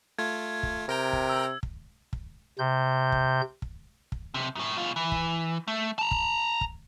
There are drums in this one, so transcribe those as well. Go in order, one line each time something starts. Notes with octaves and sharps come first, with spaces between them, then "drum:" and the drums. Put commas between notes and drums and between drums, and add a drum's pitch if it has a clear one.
A3 F4 G#6
drum: kick
C3 A#4 G5 A#5
drum: kick
E6
drum: kick
drum: kick
C3 G6
drum: kick
drum: kick
drum: kick
B1 C3
F#2 A2
B2 F4
E3
drum: kick
A3
A5 A#5
drum: kick
drum: kick